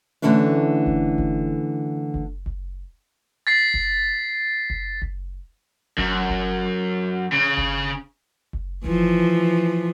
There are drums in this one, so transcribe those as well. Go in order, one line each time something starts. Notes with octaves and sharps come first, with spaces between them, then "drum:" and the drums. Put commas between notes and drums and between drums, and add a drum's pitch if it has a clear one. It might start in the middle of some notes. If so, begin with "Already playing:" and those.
D3 E3 A3 C#4 D4
drum: kick F#1
drum: kick F#1
drum: kick F#1
drum: kick F#1
A6 B6 C7
drum: kick F#1
drum: kick F#1
drum: kick F#1
F#2, drum: kick F#1
drum: kick F#1
C#3
drum: kick F#1
drum: kick F#1
E3 F3, drum: kick F#1